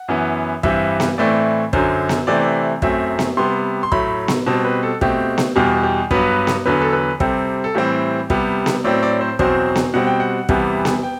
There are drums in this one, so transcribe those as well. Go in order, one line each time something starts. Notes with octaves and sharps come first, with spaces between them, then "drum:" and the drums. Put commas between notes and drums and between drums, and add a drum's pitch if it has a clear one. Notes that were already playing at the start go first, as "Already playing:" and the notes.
Already playing: F#5
F#2 E3 B3
G2 E3 G3 C4 E5, drum: kick
drum: snare B3
A2 E3 A3 C4 D5
F#2 D3 F#3 C5, drum: kick
drum: snare B3
C3 E3 A3 C4 D5
F#2 F#3 A3 C4 E5, drum: kick
drum: snare B3
C3 G3 B3 C6
C6
A2 F#3 A3 B5, drum: kick
drum: snare B3
B2 G3 C4 A5
B4
A4
B2 A3 C4 G4, drum: kick
drum: snare B3
E2 B2 G3 G4
G4
G2 F#3 B3 B4, drum: kick
drum: snare B3
E2 D3 F#3 B3 B4
A4
B4
C3 G3 C4 A4, drum: kick
A4
A2 E3 G3 C4 G4
C3 G3 B3, drum: kick
drum: snare B3
A2 F#3 C4 D5
D5
C5
E2 B2 F#3 C4 C5, drum: kick
drum: snare B3
B2 G3 C4 F#5
G5
F#5
E2 C3 E3 G3 B3, drum: kick
drum: snare B3
G5